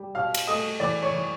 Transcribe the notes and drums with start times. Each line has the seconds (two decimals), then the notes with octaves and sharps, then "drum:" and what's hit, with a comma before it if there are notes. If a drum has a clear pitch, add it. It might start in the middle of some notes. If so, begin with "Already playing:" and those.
Already playing: G3
0.15 B2 F5 F6
0.35 drum: cymbal
0.47 A3 D#5 D#6
0.80 E3 D5 D6
1.02 C#5 C#6
1.12 E3